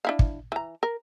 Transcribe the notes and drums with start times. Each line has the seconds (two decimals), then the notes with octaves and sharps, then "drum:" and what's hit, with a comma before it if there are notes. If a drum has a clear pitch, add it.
0.05 D4 E4 F5
0.19 drum: kick
0.52 E3 A#5
0.83 A#4